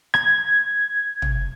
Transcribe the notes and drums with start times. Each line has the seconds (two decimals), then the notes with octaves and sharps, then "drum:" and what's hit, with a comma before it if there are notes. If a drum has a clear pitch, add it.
0.14 G#6, drum: rim click
1.22 drum: tom